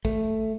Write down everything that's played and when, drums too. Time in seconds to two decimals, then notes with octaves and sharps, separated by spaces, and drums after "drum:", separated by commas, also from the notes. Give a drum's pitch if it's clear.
0.05 A3, drum: kick G#1